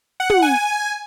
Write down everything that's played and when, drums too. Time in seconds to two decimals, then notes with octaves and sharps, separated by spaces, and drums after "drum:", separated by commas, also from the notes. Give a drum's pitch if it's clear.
0.20 F#5
0.30 drum: tom
0.42 G#5